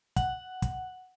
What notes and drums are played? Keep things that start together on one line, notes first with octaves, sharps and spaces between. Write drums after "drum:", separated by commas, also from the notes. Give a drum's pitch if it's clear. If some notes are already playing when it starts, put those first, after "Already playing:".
F#5, drum: kick, hi-hat
drum: kick, hi-hat